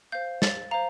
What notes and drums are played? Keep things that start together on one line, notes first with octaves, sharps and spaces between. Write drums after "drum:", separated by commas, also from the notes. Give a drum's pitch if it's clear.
C5 F5 G6
A6, drum: snare
C5 F5 A#5